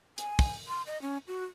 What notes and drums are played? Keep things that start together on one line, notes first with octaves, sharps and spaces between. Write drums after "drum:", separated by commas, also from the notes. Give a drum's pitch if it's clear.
G#5, drum: hi-hat
drum: kick, open hi-hat
C6
D#5
C#4
F#4